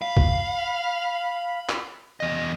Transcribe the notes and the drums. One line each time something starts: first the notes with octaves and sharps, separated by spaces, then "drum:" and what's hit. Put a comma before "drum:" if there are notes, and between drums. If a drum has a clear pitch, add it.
F5 B5
drum: kick
drum: clap
E2 D#5